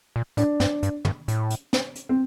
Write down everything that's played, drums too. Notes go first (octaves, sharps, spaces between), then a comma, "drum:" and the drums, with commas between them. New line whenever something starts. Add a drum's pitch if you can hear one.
A#2
A2 D4, drum: hi-hat
G2, drum: snare
G2, drum: hi-hat
G2, drum: tom
A2, drum: hi-hat
drum: hi-hat
drum: snare
drum: hi-hat
C4